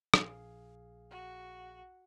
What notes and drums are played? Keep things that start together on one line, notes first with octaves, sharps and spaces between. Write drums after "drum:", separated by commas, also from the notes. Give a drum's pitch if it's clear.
A#1 G#4 F5, drum: rim click
F#4